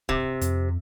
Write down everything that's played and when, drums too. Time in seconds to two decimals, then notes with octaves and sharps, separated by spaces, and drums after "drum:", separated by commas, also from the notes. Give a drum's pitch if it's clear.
0.09 C3, drum: kick
0.41 F2, drum: hi-hat